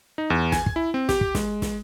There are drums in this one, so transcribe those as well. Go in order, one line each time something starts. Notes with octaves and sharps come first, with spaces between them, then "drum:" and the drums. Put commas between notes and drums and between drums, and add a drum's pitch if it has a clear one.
D#4
E2
G#5, drum: snare
drum: kick
E4
C4
G4, drum: snare
drum: kick
G#3, drum: snare
drum: snare